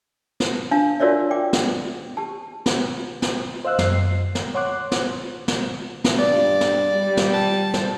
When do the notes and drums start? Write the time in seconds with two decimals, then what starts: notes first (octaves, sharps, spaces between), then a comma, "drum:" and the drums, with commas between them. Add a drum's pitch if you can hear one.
0.40 drum: snare
0.71 D4 F5 A5
1.00 F4 F#4 A#4 C#5 D5 E5
1.31 G5 D6
1.53 drum: snare
2.17 G4 A5
2.66 drum: snare
3.22 drum: snare
3.65 C5 D#5 F5 E6 F#6
3.79 F#2 C7, drum: snare
4.35 drum: snare
4.55 C#5 F#5 C6 D6 F#6
4.91 drum: snare
5.48 drum: snare
6.04 drum: snare
6.19 G2 D5
6.61 drum: snare
6.96 G3
7.17 drum: snare
7.34 A5
7.74 drum: snare